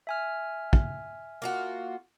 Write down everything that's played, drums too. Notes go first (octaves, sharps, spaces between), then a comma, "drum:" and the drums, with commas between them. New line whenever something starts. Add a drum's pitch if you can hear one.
E5 G#5 F6
drum: kick
A#3 F4 F#4